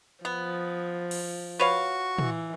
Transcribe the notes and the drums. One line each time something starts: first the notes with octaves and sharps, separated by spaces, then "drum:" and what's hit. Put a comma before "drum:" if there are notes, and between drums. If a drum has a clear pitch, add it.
F3 B3
drum: cymbal
F#4 B4 C#5 F5 C#6
E3, drum: tom